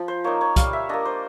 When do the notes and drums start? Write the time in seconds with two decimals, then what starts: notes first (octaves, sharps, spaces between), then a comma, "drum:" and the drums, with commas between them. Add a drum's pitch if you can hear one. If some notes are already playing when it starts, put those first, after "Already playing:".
Already playing: F3
0.08 C5
0.24 A#3 D#4 C#5
0.41 C#5
0.56 G3 F5, drum: kick, hi-hat
0.73 E5
0.89 A#3 D4 D#5
1.05 C5